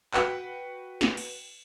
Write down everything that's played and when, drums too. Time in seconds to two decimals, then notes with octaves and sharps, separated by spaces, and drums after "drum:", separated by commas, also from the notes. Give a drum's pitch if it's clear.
0.14 F#4 B4 F#5 G5 B5, drum: clap
1.01 drum: snare
1.17 drum: cymbal